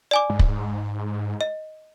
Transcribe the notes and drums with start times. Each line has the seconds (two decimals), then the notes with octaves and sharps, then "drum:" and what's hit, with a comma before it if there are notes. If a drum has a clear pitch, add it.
0.11 D5 G#5 D6
0.30 G#2
0.39 drum: kick
1.41 D#5